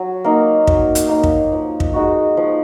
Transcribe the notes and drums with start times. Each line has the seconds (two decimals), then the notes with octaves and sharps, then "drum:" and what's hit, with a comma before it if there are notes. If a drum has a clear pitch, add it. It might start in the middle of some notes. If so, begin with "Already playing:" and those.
Already playing: F#3
0.24 A#3 D#4
0.67 F#3, drum: kick
0.95 drum: hi-hat
1.09 A#3 D#4
1.23 drum: kick
1.52 F3
1.80 drum: kick
1.94 G#3 D#4 F#4
2.37 F3